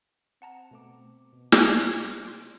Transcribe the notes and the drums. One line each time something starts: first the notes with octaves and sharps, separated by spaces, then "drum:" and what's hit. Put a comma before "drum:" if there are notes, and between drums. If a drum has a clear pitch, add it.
C4 F#5 A5 A#5
B2 A3 D6
B2
drum: snare
F#3
C3 C6 A6 D7